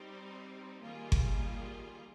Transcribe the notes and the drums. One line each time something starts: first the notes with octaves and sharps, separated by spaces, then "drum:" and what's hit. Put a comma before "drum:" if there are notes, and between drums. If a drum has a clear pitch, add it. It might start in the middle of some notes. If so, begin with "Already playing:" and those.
Already playing: G3 C4 D#4
D#3 G3 A#3 F4 G#4
drum: kick G1